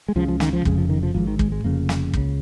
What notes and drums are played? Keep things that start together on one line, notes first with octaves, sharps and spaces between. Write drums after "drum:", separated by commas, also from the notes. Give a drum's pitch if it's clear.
G#3
C#2 C#3 F3
F3
D#3, drum: snare
F3
F1 F2 C#3 G#3, drum: kick
F3
D#3
F3
G#1 G#2 F3
D#3
G#3, drum: kick
G#3
F1 F2 C#3 A#3
drum: snare
C#2 C#3, drum: kick